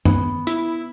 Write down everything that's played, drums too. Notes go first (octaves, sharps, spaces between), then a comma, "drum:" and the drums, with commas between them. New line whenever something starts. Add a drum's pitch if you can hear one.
B3, drum: tom
E4, drum: hi-hat